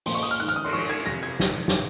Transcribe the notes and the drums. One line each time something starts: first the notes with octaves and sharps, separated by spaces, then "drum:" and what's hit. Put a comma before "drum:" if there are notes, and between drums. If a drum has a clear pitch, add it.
A#2 F3 C6, drum: open hi-hat
C#6
D#6
F6
G#2 D#3 F#6
F6, drum: hi-hat
D#6
C6, drum: cymbal
G#2 F3 C#6
G#6
F2 C3 F3 A#6
G#6
G#2 D#3, drum: snare
drum: snare